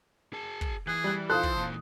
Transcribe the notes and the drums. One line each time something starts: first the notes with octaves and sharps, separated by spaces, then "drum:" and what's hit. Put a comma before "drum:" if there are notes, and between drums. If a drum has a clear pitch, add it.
G#4 A5
drum: kick
E3 G#4 F#6
G3 F#6
F4 A4 C5 D#6 F#6
drum: kick
A#2 E3